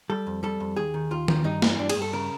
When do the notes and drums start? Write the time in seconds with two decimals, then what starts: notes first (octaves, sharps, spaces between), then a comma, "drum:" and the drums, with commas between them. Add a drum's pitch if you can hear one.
0.10 G3 A4
0.27 F2
0.43 G3 A4
0.60 F2
0.76 D#2 G#4
0.94 D#3
1.11 D#2 F4
1.28 D#3, drum: tom D#3
1.44 G2 D#4
1.62 E3, drum: snare
1.79 G2 D4
1.90 G#4, drum: cymbal
1.96 G2
2.02 A4
2.13 C#3 A#4